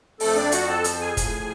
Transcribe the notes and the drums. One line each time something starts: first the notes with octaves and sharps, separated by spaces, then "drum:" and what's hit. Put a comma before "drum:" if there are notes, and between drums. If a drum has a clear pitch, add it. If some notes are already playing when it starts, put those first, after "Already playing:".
F2 F3 A3 A4, drum: open hi-hat
D4 D5
F#4 F#5, drum: hi-hat
A4 A5
drum: hi-hat
G#4 G#5
A2 F3, drum: kick, hi-hat